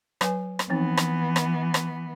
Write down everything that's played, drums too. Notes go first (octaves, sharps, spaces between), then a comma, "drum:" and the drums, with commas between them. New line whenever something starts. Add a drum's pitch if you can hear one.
F#3 B4 G#5, drum: rim click
drum: rim click
E3 F3 B3 C4 D#4
drum: rim click
drum: rim click
drum: rim click